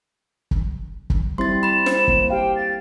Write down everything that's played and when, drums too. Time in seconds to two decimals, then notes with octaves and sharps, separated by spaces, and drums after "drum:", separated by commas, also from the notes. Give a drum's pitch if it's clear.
0.51 drum: kick
1.10 drum: kick
1.38 G3 C4 E4 C6 A6
1.63 B5 A6 E7
1.86 C5, drum: snare
2.08 A#3, drum: kick
2.30 G4 F5 G5
2.56 A6